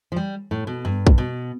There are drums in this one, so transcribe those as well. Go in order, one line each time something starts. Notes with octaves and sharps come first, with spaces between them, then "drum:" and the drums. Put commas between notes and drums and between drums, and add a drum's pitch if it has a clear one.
F3
G3
A2
B2
G2
drum: kick
B2